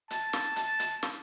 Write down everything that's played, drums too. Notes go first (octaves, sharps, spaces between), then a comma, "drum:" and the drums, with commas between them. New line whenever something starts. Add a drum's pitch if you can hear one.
A5, drum: hi-hat
drum: snare
A5, drum: hi-hat
drum: hi-hat
drum: snare